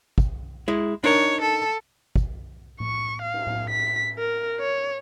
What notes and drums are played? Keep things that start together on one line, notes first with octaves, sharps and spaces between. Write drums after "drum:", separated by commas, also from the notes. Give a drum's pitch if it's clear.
drum: kick
G#3 E4
D4 D#4 A#4 C#5
A4
drum: kick
C#6, drum: tom A2
F5
drum: cymbal
drum: tom A2
B6
A#4
C#5